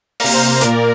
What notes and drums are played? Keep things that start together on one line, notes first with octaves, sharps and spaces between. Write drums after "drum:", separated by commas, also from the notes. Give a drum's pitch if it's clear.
C3 A#3 F5 A#5, drum: open hi-hat
C5
C5
A#2 A#3 A#4 D5, drum: hi-hat